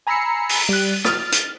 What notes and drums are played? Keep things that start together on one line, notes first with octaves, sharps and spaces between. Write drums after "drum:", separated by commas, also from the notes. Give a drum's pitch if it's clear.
G#5 A#5 B5 E6 C7 C#7
drum: open hi-hat
G3 F#6
F6 A6, drum: rim click
drum: hi-hat